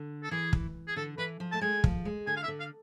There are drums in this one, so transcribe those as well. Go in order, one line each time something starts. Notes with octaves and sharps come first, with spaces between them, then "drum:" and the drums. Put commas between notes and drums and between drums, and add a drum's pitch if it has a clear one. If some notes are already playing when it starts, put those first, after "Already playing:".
Already playing: D3
A4
E3 G#4
drum: kick
G#4
D3 A4
E3 B4
F3
A3 A5
G#3 G#5
F3, drum: kick
G#3
D3 G#5
F5
E5
D3
F5